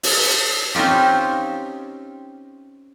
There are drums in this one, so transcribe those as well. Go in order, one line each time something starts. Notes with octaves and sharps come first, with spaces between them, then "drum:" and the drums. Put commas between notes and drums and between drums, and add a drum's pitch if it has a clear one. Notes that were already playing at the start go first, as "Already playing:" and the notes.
drum: open hi-hat
C4 C#4 D#4 F4 G4